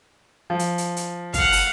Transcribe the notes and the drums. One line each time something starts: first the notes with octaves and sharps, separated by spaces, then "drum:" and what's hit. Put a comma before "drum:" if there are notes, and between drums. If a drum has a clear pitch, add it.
F3
drum: hi-hat
drum: hi-hat
drum: hi-hat
F5 F#5, drum: kick, hi-hat
drum: open hi-hat